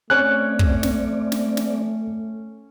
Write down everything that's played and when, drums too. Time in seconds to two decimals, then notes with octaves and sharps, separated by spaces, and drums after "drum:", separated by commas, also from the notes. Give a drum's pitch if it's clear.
0.10 A3 C4 C#4 C#5 D5 D6 F#6
0.59 drum: kick
0.83 drum: snare
1.32 drum: snare
1.57 drum: snare